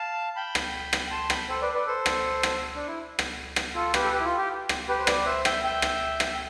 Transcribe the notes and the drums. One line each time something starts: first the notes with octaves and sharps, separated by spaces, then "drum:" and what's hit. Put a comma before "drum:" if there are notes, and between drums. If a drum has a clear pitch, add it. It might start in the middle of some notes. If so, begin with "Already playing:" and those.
Already playing: F5 A5
G5 B5
drum: rim click
drum: rim click
A5 C6
G5 B5, drum: rim click
A4 C5
B4 D5
B4 D5
A4 C5
drum: rim click
drum: rim click
D4
E4
drum: rim click
drum: rim click
F4 A4
G4 B4, drum: rim click
A4
G4
E4
F4
G4
drum: rim click
G4 B4
C5
B4 D5, drum: rim click
C5 E5
E5 G5, drum: rim click
E5 G5
drum: rim click
drum: rim click